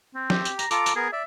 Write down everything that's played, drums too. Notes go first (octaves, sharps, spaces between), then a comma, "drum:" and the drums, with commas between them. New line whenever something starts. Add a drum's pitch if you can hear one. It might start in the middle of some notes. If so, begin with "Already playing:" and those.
C4
G4, drum: snare
drum: tambourine
A#5, drum: tambourine
F4 A4 A#5 D6, drum: tambourine
drum: tambourine
B3 G#4 A#4
D5 E5